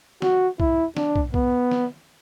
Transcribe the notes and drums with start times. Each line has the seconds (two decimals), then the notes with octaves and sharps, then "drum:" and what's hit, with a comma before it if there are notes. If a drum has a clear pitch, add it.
0.22 F#4, drum: snare
0.60 E4, drum: kick
0.97 D4, drum: snare
1.16 drum: kick
1.34 B3, drum: kick
1.71 drum: snare